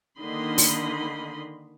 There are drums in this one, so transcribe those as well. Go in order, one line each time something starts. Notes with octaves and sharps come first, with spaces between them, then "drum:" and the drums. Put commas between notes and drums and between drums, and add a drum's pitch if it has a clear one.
D3 D#3 A#3 D#5 B5 C6
drum: open hi-hat